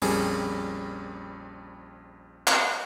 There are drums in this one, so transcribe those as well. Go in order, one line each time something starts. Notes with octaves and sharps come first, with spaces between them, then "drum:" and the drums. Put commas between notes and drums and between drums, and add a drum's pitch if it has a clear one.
A#1 F2 G3 C#4 G#4 A#4, drum: open hi-hat
drum: clap